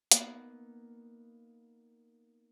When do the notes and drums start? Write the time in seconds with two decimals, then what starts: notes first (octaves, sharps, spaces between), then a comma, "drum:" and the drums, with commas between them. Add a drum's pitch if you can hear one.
0.11 A#3 B3 D#4, drum: hi-hat